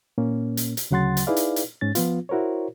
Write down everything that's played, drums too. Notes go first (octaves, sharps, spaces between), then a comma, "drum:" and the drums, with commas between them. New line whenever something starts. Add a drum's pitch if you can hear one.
A#2 A#3 C#4
drum: hi-hat
drum: hi-hat
D2 C#3 F#3 F#5 C6 A6
drum: hi-hat
D#4 E4 G#4 B4 D5 F5
drum: hi-hat
drum: hi-hat
G#2 C#4 A6
F3 B3 F4, drum: hi-hat
E4 F#4 A#4 C5 C#5